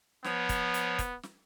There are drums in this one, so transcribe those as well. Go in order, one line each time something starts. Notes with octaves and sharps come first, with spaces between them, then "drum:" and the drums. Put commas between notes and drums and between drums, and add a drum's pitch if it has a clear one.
F3 B3 C#5, drum: snare
drum: kick, hi-hat
drum: hi-hat
drum: kick, hi-hat
drum: snare